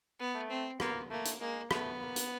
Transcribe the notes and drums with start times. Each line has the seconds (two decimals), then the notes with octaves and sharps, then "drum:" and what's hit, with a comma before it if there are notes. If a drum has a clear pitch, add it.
0.19 B3
0.34 A3
0.50 C4
0.80 A#3 B3, drum: rim click
1.10 A3 A#3
1.25 drum: hi-hat
1.40 G#3 A#3
1.71 A3 B3, drum: rim click
2.01 A#3
2.16 drum: hi-hat